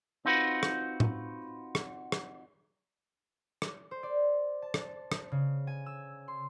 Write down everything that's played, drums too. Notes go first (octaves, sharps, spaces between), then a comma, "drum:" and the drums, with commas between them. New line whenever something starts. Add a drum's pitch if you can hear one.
C4 D#4 F4 F#4 B4
drum: rim click
drum: tom A2
drum: rim click
drum: rim click
drum: rim click
C5
D5
A5
drum: rim click
drum: rim click
C#3
G#5
E6
C6